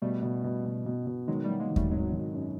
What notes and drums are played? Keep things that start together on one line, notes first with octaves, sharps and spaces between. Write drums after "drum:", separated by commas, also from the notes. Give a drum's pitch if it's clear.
B2 G3 A3
B2
B2
B2
B2
B2
D#3 F#3 G#3
F#3 G3 A3
G#3 A#3
D#3
G3 A3, drum: kick D#2
G#1 F#3 G#3
D#3
F#2